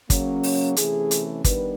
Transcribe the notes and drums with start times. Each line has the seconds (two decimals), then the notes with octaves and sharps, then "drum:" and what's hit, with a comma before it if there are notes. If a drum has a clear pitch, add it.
0.10 C#3 F#3 A#3 C#4, drum: kick, hi-hat
0.43 drum: open hi-hat
0.76 C3 E3 A3 C#4 G#4, drum: hi-hat
1.11 drum: hi-hat
1.44 D#3 G3 B3 D4 B4, drum: kick, hi-hat